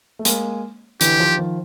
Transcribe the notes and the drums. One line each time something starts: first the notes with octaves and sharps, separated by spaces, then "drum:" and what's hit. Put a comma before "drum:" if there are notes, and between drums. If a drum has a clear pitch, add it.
A3
G#3 A#3, drum: hi-hat
D3 E3 G4, drum: hi-hat
D#3 F3
D#3 F3